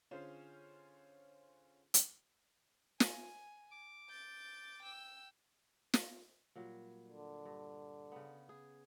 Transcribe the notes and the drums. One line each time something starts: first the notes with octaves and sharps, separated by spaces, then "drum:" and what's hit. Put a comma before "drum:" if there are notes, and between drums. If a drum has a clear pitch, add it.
D3 C#4 F4 G#4 C5
drum: hi-hat
G#5, drum: snare
D6
G6 A6
G5 E6
drum: snare
A#2 F#3 G3
D3
G2
C#3 B3
G#4